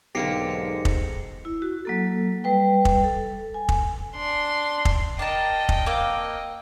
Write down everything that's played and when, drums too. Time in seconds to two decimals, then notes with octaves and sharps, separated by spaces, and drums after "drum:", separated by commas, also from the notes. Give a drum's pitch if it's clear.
0.15 B1 G#2 D3 A#3 G4 A#6 C7 C#7
0.85 drum: kick
1.45 E4
1.62 F#4
1.85 F#3 A#3 A4
2.44 G3 B4 G5
2.85 drum: kick
3.04 A4
3.54 G#5
3.69 drum: kick
4.15 D4 C6
4.85 drum: kick
5.19 D4 A#4 D#5 G5 A5
5.69 drum: kick
5.86 A#3 C4 D6